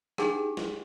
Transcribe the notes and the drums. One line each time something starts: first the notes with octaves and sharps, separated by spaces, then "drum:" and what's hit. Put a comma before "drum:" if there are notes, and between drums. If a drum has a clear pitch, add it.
D4 D#4 G4 G#4 F#5 G5, drum: rim click
drum: snare